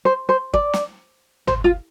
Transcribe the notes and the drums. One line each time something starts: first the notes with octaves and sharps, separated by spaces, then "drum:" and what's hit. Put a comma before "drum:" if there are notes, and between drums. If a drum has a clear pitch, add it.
C5
C5
D5, drum: kick
drum: snare
C5, drum: tom
F4